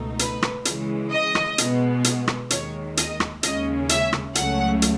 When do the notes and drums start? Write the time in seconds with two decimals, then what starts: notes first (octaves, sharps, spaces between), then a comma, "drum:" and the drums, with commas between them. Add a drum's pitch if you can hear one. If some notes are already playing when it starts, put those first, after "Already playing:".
Already playing: C#2 B2 A3 D#4
0.19 B4, drum: hi-hat
0.43 drum: rim click
0.65 C#3 E3 G#3, drum: hi-hat
1.12 D#5
1.35 drum: rim click
1.58 B2 G#3 B3, drum: hi-hat
2.04 drum: hi-hat
2.28 drum: rim click
2.50 D#2 D#3 G#3 C#5, drum: hi-hat
2.97 D#5, drum: hi-hat
3.20 drum: rim click
3.43 D#2 C#3 G#3 C#4 D#5, drum: hi-hat
3.89 E5, drum: hi-hat
4.13 drum: rim click
4.35 C#2 C#3 F#3 A3 C#4 F#5, drum: hi-hat
4.82 drum: hi-hat